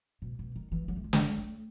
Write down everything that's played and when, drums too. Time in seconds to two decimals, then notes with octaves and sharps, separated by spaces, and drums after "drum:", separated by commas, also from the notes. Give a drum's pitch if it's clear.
0.22 B2
0.39 B2
0.56 D#3
0.72 E3
0.88 F#3
0.96 A3
1.04 G#3
1.13 F#3, drum: snare
1.22 G#3
1.38 A3